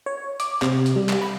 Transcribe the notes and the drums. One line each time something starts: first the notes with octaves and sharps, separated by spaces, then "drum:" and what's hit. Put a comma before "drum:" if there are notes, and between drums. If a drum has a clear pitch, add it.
C#5
D6, drum: hi-hat
C3, drum: clap
drum: hi-hat
G3
drum: clap
B5